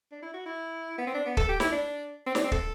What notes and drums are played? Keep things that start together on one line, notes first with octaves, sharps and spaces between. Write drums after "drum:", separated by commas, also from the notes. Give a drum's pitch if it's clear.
D4
E4
F#4
E4
B3
C4
D4
B3
A4, drum: kick
G4
E4, drum: snare
D4
C4
D4, drum: snare
C4
A4, drum: kick